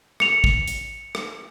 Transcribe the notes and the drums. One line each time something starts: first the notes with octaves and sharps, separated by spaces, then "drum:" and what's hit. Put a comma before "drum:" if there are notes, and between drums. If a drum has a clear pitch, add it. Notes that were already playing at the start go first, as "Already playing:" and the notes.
C#7 F7, drum: rim click
drum: kick A1
drum: hi-hat
drum: rim click